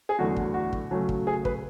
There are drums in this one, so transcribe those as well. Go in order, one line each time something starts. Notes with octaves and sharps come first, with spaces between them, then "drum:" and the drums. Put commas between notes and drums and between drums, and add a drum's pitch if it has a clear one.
G#4
E2 D3 F#3 A3 F#4
drum: kick
F#4
drum: kick
C#3 F#3 A3 C#4
drum: kick
G#4
B4, drum: kick